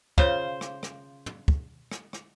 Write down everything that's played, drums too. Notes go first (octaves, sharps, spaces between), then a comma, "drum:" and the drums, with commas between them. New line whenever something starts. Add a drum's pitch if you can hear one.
C#3 F4 C5, drum: kick
drum: rim click
drum: rim click
drum: tom
drum: kick
drum: rim click
drum: rim click